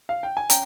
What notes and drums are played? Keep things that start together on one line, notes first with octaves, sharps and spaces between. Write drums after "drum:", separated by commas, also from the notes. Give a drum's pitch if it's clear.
F5
G5
G#5
C#4 G5 A#5, drum: hi-hat